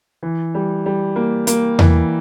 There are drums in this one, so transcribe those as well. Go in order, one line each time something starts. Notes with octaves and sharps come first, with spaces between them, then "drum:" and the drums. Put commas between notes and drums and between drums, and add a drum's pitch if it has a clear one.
E3
G3
G3
A#3
A#3, drum: hi-hat
E3, drum: tom E2